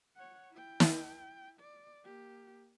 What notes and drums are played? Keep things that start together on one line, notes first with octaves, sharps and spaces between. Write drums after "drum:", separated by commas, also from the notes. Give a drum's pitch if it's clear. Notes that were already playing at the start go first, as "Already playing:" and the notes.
C#5 F#5
E4 G5
drum: snare
D5
A#3 G4